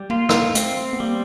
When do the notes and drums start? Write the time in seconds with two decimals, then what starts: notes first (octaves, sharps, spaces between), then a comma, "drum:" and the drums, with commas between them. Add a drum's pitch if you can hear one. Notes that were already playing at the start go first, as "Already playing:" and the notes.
Already playing: G3
0.10 A#3 F4
0.29 drum: rim click
0.55 A3 C4, drum: hi-hat
0.93 B3
1.00 G3 A#3